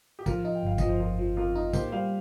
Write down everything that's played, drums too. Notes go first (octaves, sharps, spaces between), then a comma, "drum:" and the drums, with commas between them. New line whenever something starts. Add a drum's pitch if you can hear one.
G4
F3 F4 A#4, drum: kick, tambourine
D#4
G5
G1 F5
F3 D#5, drum: kick, tambourine
C5
F2 F4 A#4
F3
F2 F4 A#4
D#4
A#3 G4 C5, drum: kick, tambourine
G3 C5 F5